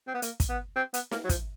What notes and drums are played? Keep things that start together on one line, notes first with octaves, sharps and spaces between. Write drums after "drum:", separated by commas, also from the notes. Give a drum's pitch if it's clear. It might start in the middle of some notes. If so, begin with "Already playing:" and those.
C4
B3
A#3, drum: hi-hat
drum: kick, hi-hat
B3
C4
B3, drum: hi-hat
A#3, drum: snare
F#3
F3, drum: kick, hi-hat